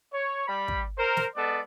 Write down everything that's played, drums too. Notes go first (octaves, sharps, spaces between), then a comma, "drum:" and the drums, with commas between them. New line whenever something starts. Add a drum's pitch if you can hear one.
C#5
G3 B5
drum: kick
A#4 C5
drum: snare
G#3 B3 A4 D5